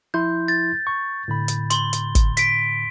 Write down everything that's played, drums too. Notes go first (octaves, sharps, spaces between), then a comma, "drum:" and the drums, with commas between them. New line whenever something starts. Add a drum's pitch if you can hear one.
F3 E4 C6 G6
A6
C#6
A2 D3 B5
drum: hi-hat
C6 G7, drum: hi-hat
drum: hi-hat
drum: kick, hi-hat
B6 D7, drum: hi-hat